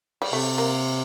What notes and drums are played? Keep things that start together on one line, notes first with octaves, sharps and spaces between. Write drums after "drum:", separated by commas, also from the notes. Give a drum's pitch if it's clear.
G3, drum: cymbal
C3 A3
A#3